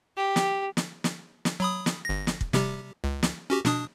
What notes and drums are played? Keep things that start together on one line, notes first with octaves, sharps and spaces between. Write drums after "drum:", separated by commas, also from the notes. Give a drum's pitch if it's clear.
G4
drum: snare
drum: snare
drum: snare
drum: snare
F#3 B5 D#6
drum: snare
G1 A#6
drum: snare
drum: kick
C3 G3 G4, drum: snare
C#2
drum: snare
C#4 F#4 G4
B2 D4 D#6, drum: snare